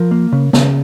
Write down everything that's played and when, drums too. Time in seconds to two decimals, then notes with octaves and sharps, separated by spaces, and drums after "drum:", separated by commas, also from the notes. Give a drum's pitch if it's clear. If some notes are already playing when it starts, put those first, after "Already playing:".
Already playing: F3 A#4
0.11 A#3
0.32 C#3
0.53 C#3, drum: snare